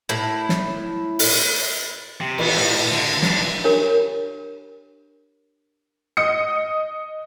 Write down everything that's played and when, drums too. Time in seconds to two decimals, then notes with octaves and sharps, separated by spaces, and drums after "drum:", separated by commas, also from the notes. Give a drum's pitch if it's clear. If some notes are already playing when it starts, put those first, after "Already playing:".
0.09 A2 E4
0.49 drum: snare
1.19 drum: open hi-hat
2.21 C3
2.38 E3 B3, drum: cymbal
2.56 A2
2.92 D3
3.22 E3 D4, drum: snare
3.64 D4 G4 A#4 C#5
6.17 D#5 D#6 C#7